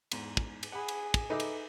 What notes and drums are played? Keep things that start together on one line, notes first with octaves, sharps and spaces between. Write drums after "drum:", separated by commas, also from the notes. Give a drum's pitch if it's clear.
E2 G#2, drum: cymbal
drum: kick
drum: cymbal
G#4 F#5 B5
drum: cymbal
drum: kick, cymbal
D#4 A4 B4 E5 D6
drum: cymbal